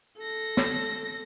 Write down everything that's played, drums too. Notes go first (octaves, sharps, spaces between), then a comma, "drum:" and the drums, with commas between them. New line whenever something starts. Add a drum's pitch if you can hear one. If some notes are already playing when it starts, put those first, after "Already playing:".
A4 A#6
drum: snare